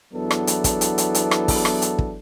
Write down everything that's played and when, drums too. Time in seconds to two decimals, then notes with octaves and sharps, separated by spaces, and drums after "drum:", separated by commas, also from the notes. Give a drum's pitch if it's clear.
0.14 E2 F#3 B3 D4 E4 A4
0.31 drum: rim click
0.47 drum: hi-hat
0.64 drum: kick, hi-hat
0.81 drum: hi-hat
0.98 drum: hi-hat
1.15 drum: hi-hat
1.31 drum: rim click
1.48 drum: kick, open hi-hat
1.65 drum: rim click
1.82 drum: hi-hat
1.98 drum: kick